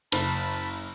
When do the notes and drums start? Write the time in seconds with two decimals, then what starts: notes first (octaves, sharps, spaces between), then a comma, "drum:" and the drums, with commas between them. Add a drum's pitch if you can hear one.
0.12 F#1 A5 B5, drum: cymbal